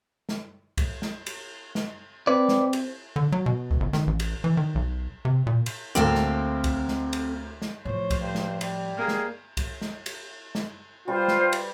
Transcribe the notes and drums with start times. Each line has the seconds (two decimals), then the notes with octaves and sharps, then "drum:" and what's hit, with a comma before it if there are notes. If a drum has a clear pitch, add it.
0.29 drum: snare
0.78 drum: kick C2, cymbal
1.02 drum: snare
1.26 drum: cymbal
1.75 drum: snare
2.27 C4 B4 D5
2.49 drum: snare
2.73 drum: cymbal
3.16 D3
3.32 F#3
3.46 B2
3.71 drum: kick C2
3.80 G1
3.93 D#3, drum: snare
4.07 A1
4.20 drum: cymbal
4.44 E3
4.57 D#3
4.75 B1
5.25 C3
5.47 A#2
5.66 drum: cymbal
5.95 D2 A#3 C4 A4 F5
6.15 drum: snare
6.64 drum: kick C2, cymbal
6.88 drum: snare
7.13 drum: cymbal
7.62 drum: snare
7.85 A2 F3 C5 C#5
8.10 drum: kick C2, cymbal
8.20 G2
8.35 drum: snare
8.61 G3, drum: cymbal
8.97 A#3 G#4
9.08 drum: snare
9.57 drum: kick C2, cymbal
9.81 drum: snare
10.06 drum: cymbal
10.55 drum: snare
11.08 G3 F4 G4 B4 C5
11.28 drum: snare
11.53 drum: cymbal